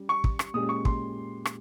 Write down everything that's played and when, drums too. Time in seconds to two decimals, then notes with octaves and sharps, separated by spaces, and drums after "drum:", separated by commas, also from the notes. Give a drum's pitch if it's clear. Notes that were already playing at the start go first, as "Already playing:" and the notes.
Already playing: G3 C#4
0.09 C#6
0.24 drum: kick
0.39 drum: rim click
0.54 A#2 G#3 C#4 G4 D#6
0.69 C#6
0.85 C6, drum: kick
1.45 drum: rim click